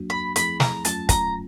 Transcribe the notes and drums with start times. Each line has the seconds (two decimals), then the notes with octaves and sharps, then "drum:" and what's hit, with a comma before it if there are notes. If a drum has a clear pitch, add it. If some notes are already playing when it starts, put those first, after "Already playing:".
Already playing: F#3 A#3 D4 F#4
0.10 B5
0.36 F3 A3 C4 E4 G#4 B5, drum: hi-hat
0.60 A#5, drum: snare
0.85 F#3 A3 C#4 F4 A5, drum: hi-hat
1.09 A#5, drum: kick, hi-hat